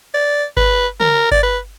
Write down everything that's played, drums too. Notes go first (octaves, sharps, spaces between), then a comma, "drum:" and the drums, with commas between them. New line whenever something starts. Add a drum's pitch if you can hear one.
D5
B4, drum: kick G1
A#4, drum: tom
D5, drum: kick G1
B4